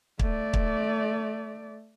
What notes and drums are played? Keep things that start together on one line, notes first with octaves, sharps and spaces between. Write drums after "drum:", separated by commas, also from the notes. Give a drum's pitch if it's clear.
A3 D5, drum: kick
drum: kick